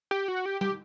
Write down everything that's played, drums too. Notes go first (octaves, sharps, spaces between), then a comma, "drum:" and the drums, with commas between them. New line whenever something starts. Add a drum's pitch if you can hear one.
G4
F#4
G4
G4, drum: tom G3